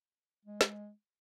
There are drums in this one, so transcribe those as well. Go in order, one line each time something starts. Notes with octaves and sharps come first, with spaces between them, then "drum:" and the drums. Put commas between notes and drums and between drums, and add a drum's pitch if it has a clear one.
G#3
drum: snare